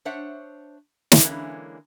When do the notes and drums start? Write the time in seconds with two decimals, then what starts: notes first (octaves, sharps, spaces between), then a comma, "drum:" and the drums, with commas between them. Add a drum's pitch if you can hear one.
0.05 D4 C5 C#5 E5 F#5
1.12 drum: snare
1.23 D3 E3 G#3 A#3 C#4 E4